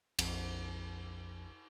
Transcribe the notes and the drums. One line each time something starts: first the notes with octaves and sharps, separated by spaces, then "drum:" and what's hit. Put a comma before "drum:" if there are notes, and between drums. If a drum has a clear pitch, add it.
A#1 F2, drum: cymbal